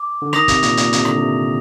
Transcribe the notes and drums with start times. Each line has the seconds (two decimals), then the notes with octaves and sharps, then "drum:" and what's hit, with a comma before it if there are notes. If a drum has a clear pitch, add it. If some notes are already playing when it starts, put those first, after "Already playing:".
Already playing: D6
0.22 D3
0.33 D#3 D#6 A#6 F7, drum: rim click
0.48 C3, drum: kick, hi-hat
0.63 A#2, drum: hi-hat
0.77 A#2, drum: hi-hat
0.93 C3, drum: hi-hat
1.05 D3, drum: rim click
1.18 C3